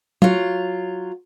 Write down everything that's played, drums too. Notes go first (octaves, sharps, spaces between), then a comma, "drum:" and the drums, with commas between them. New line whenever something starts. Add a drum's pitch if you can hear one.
F#3 F4, drum: tom F#3